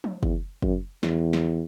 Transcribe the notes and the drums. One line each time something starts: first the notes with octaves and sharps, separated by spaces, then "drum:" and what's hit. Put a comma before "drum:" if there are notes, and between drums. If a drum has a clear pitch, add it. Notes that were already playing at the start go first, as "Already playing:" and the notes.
drum: tom F3
E2, drum: kick
F#2, drum: kick
E2, drum: snare
drum: snare